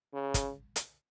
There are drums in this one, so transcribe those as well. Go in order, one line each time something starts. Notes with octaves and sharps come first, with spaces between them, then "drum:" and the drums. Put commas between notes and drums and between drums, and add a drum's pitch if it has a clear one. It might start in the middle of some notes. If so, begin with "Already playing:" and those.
C#3
drum: kick, hi-hat
drum: hi-hat